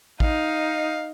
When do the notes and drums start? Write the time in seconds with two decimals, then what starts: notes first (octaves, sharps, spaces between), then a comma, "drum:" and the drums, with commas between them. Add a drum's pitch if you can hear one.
0.20 D#4 F5, drum: kick